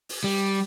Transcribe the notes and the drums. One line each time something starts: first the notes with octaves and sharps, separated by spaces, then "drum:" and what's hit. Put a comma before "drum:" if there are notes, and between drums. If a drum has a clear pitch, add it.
drum: open hi-hat
G3